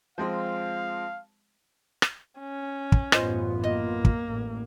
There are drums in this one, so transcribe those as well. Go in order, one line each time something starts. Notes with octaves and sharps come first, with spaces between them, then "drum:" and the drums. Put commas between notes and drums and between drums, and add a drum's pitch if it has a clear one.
F3 G#3 C4 F5
drum: rim click
C#4
drum: kick
A1 F#2 B3 F4 C5 D#5, drum: rim click
A#3 D#5
drum: kick
A1